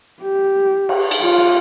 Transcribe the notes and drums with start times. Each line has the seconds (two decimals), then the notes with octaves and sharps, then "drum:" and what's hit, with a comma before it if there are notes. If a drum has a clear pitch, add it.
0.23 G4
0.89 drum: cymbal
1.11 drum: cymbal
1.22 F4